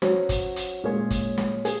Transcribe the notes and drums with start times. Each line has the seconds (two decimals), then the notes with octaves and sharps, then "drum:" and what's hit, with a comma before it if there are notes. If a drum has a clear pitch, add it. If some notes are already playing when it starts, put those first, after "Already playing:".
0.02 F#3 C#4 F#4 C5, drum: snare
0.29 drum: kick G1, hi-hat
0.56 drum: hi-hat
0.84 A#2 G#3 C#4 G#4 C#5
1.10 drum: kick G1, hi-hat
1.38 drum: snare
1.65 G#4, drum: hi-hat